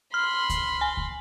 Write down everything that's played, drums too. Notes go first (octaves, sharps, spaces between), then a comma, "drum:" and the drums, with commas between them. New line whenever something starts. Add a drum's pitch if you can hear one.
B5 C6 F6
drum: kick C#2, hi-hat
G#5
drum: kick C#2